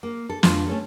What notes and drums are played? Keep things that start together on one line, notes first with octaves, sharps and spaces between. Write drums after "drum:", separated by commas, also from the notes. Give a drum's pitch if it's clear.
A#3
A4
F2 D3 A3 F4, drum: snare
A3 C#4 A4